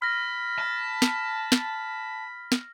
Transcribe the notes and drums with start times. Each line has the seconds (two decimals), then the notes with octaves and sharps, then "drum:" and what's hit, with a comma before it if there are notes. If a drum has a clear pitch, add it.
0.02 B5 F6 A#6
0.59 A5
1.02 drum: snare
1.52 drum: snare
2.52 drum: snare